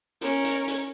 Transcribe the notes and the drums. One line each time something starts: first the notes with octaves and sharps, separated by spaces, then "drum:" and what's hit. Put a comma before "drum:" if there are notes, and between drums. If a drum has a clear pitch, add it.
C#4 A#4, drum: hi-hat
drum: hi-hat
drum: hi-hat